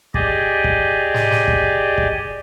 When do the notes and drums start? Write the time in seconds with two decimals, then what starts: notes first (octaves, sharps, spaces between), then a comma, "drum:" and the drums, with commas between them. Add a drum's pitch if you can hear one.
0.14 G4 G#4 D5 D#5, drum: kick
0.64 drum: kick
1.14 drum: snare
1.31 drum: snare
1.48 drum: kick
1.98 drum: kick